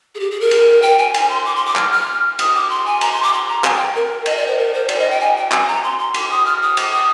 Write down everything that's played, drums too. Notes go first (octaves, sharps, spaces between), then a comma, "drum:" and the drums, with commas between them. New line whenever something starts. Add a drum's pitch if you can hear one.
G#4
G4
G#4
A#4
drum: cymbal
G5
G#5
G#5, drum: cymbal
C6
D6
C6
D6
F6, drum: clap
F6
D#6, drum: cymbal
D6
C6
G#5
A#5, drum: cymbal
C6
D6
C6
A#5
G#5, drum: clap
G5
A#4
D#5, drum: cymbal
D5
C5
A#4
C5
D5, drum: cymbal
D#5
G5
G#5
G5
G#5, drum: clap
A#5
C6
C6
D6, drum: cymbal
D#6
F6
D#6
D6, drum: cymbal
D#6